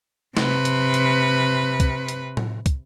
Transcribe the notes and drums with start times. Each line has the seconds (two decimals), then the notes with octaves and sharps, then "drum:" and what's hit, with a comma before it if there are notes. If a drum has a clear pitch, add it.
0.37 C3 B4, drum: snare
0.65 drum: hi-hat
0.94 drum: hi-hat
1.80 drum: kick, hi-hat
2.08 drum: hi-hat
2.37 drum: tom A2
2.66 drum: kick, hi-hat